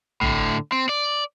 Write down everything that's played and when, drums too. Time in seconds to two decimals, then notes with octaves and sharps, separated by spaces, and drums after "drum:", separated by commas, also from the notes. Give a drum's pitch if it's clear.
0.21 A2 D3, drum: tom
0.72 C4
0.89 D5